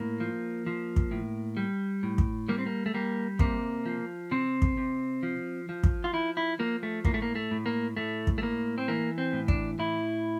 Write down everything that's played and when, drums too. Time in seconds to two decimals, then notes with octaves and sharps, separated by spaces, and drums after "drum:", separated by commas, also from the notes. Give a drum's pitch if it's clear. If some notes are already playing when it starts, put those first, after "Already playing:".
Already playing: A2 A#3
0.20 F3
0.66 F3
0.96 drum: kick
1.11 A2
1.57 G3
2.03 A2
2.18 drum: kick
2.48 G3 A#3
2.58 C4
2.66 A#3
2.86 A3
2.94 G3 A#3
3.39 C3 A#3, drum: kick
3.86 F3
4.31 C3 C4
4.62 drum: kick
4.77 C3
5.23 F3
5.69 F3
5.83 drum: kick
6.04 F4
6.13 F3 E4
6.37 E4
6.59 F3 A#3
6.83 A3
7.05 A2 A#3, drum: kick
7.14 A3
7.22 A#3
7.35 A3
7.51 A2
7.66 A#3
7.97 A2 A3
8.27 drum: kick
8.38 A3
8.42 A2 A#3
8.78 C4
8.88 E3 A#3
9.18 C4
9.33 A2
9.48 D4, drum: kick
9.79 A2 E4